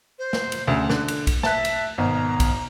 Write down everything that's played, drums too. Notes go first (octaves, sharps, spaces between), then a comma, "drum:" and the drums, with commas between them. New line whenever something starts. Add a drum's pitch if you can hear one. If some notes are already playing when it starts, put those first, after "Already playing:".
C5
drum: snare
drum: cymbal
D2 C#3
D3 F#6, drum: snare
drum: cymbal
drum: kick B1, cymbal
E5 A5 F#6, drum: snare
drum: cymbal
G#1 B2 A#5
drum: kick B1, cymbal